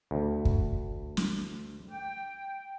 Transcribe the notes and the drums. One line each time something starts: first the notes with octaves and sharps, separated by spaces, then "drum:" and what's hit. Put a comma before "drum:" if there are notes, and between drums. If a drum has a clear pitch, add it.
D2
drum: kick
drum: snare
G5